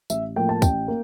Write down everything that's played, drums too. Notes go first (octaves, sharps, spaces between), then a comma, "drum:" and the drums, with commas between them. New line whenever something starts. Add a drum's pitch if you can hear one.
A1 E5, drum: tambourine
A2 F3 A#3 G5
A5
A1 G5, drum: kick, tambourine
A#3